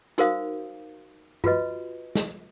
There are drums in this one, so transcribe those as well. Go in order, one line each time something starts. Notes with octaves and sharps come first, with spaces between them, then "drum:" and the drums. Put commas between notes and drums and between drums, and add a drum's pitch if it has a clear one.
D#4 F#4 A#4 C5 F5 D#6, drum: hi-hat
F4 F#4 B4 D#5, drum: tom G2
drum: snare